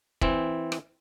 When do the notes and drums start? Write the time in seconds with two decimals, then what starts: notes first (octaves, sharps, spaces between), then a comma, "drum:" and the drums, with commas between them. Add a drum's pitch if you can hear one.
0.21 E3 C4, drum: kick
0.72 drum: rim click